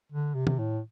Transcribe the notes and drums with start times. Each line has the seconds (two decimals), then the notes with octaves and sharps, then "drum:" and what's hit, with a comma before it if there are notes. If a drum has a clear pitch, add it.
0.12 D3
0.34 C3
0.47 C3, drum: tom
0.59 A2